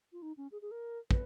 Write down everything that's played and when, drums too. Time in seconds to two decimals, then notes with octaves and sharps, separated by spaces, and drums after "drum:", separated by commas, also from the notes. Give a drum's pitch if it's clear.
0.13 F4
0.22 D#4
0.37 C#4
0.52 G#4
0.62 G#4
0.71 A#4
1.11 B4, drum: kick